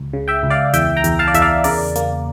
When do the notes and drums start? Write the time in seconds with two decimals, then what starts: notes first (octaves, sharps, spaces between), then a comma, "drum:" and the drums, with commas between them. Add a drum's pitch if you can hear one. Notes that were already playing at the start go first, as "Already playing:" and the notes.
Already playing: C#2
0.13 C#3
0.28 E5 G5
0.43 C#2
0.50 D5 F5
0.73 E2 E5 G5, drum: hi-hat
0.97 G5 A#5
1.04 E2, drum: hi-hat
1.19 F5 A5
1.28 D5
1.34 E2 E5, drum: hi-hat
1.42 D5 F5
1.64 C#3 A#4 D5, drum: open hi-hat
1.95 A#3, drum: hi-hat